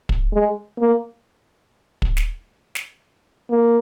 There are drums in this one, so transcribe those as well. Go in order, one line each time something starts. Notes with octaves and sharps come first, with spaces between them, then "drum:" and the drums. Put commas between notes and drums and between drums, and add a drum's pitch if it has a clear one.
drum: kick
G#3
A#3
drum: kick
drum: snare
drum: snare
A#3